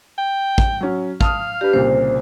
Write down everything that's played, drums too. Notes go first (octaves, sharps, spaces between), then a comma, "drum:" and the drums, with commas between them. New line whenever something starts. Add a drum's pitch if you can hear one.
G5
drum: kick
F#3 C#4
F5 A5 D#6 F6, drum: kick
D4 G4 B4
C2 A#2 C#3 C5